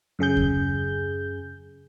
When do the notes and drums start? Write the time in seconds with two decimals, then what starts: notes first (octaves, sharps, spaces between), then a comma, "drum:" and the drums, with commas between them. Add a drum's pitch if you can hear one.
0.19 F#2 C#3 G#4 G6
0.37 drum: kick D#2